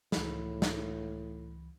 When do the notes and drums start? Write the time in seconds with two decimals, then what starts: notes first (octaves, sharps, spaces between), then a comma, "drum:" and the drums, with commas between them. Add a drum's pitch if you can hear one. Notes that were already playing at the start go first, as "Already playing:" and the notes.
0.12 C#2 A2 E3 B5, drum: snare
0.62 drum: snare